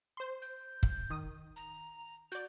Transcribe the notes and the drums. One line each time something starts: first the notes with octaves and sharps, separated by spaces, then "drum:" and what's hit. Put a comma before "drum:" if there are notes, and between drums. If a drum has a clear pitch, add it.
C5 C6
G6
drum: kick
D#3 D#6
A#5
F#4 D5 G6